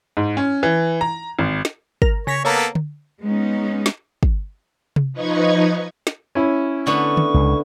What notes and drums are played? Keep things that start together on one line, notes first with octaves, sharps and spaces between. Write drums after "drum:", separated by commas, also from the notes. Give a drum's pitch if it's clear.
G#2
C#4
E3
A#5
G#1
drum: snare
A#4, drum: kick
C#3 C#5 A#6 B6
A#3 B3 A4 C#5 A#5
drum: tom D3
G#3 B3 C#4 D#4
drum: snare
drum: kick
drum: tom C3
F3 D#4 B4 D#5 C#6 G#6
drum: snare
C#4 E4
D3 A3 B3 C#6
drum: tom D3
C#2